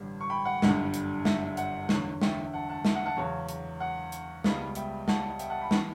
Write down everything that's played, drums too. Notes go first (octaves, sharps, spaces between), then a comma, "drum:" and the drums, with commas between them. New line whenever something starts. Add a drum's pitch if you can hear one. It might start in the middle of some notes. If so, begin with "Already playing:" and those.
Already playing: A1 G2 D3 G3
C#6
G5 B5
F#5
G1 F#2 D3 G3, drum: snare
drum: hi-hat
E5, drum: snare
F#5, drum: hi-hat
E2 D3 F#3, drum: snare
E5 G5, drum: snare
F#5 A5
F#5 A5
E5, drum: snare
F#5
F#5 A5
E2 C#3 F#3
drum: hi-hat
F#5
drum: hi-hat
C#2 C#3 G3 B3, drum: snare
E5 G5, drum: hi-hat
F#5 A5, drum: snare
E5 G5, drum: hi-hat
F#5 A5
G5 B5
E3 B3 F#5 A5, drum: snare